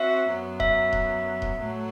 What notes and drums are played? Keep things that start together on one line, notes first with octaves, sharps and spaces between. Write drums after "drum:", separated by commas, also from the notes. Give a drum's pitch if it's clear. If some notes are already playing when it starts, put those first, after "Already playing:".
Already playing: C4 F#4 E5
F#2 F#3 B3
E5, drum: kick D#1
drum: kick D#1
drum: kick D#1
A2 F#3 A3